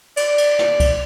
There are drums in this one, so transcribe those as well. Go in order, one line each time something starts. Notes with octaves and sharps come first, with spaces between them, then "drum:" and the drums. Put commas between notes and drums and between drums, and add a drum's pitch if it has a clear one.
D5, drum: cymbal
drum: cymbal
drum: snare
drum: kick C2, cymbal